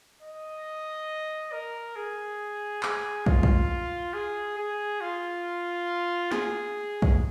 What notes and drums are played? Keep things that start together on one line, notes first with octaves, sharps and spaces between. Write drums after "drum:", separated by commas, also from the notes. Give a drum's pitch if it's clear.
D#5
A#4
G#4
G#4, drum: clap
F4, drum: kick
drum: kick
G#4
G#4
F4
G#4, drum: snare
drum: kick